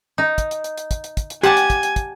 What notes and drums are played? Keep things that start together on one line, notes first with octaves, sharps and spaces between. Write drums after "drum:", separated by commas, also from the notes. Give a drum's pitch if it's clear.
D#4
drum: kick, hi-hat
drum: hi-hat
drum: hi-hat
drum: hi-hat
drum: kick, hi-hat
drum: hi-hat
drum: kick, hi-hat
drum: hi-hat
G4 F#5 G#5 A5, drum: hi-hat
drum: hi-hat
drum: kick, hi-hat
drum: hi-hat
drum: kick, hi-hat